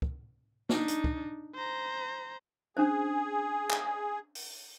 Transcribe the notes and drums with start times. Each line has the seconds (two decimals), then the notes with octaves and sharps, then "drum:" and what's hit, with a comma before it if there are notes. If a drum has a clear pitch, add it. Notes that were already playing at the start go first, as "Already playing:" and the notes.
0.02 drum: kick
0.69 D4 D#4, drum: snare
0.88 drum: hi-hat
1.04 drum: kick
1.55 C5 A#5
2.77 C#4 D4 G#4 C5
3.70 drum: clap
4.35 drum: open hi-hat